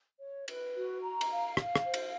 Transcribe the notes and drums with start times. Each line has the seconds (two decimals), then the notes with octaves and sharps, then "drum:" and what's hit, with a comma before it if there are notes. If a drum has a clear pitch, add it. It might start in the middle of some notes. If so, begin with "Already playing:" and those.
0.21 C#5
0.48 B4, drum: cymbal
0.76 F#4
1.03 A#5
1.21 drum: cymbal
1.30 F5
1.57 F5, drum: rim click
1.76 drum: rim click
1.85 C5
1.94 drum: cymbal